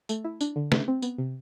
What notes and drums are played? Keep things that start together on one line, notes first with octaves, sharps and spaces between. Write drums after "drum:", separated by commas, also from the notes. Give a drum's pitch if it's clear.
A3, drum: tambourine
E4
D4, drum: tambourine
D3
A3, drum: snare
C4
B3, drum: tambourine
C3